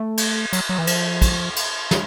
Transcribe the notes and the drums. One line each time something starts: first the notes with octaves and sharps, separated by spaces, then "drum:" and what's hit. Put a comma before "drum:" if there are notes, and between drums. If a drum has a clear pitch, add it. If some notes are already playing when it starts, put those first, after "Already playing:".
Already playing: A3
drum: cymbal
F#3, drum: cymbal
F#3
E3
F3, drum: cymbal
drum: kick, cymbal
drum: cymbal
drum: snare